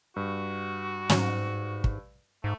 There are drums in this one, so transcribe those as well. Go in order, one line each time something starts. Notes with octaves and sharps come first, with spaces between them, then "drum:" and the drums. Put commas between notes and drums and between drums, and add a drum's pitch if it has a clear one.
G2 F#4
G#2 F#3 C#4, drum: snare
drum: kick
G#2 A3